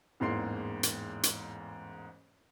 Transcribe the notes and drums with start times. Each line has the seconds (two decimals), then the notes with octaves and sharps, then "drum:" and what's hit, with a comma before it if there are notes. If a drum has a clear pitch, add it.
0.20 A1 E2 G#2 A#3 C6 C7
0.83 drum: hi-hat
1.23 drum: hi-hat